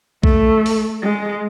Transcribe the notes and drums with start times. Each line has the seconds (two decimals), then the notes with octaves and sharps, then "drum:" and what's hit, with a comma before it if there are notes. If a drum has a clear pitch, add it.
0.23 A3, drum: kick B1
0.66 drum: open hi-hat
1.03 G#3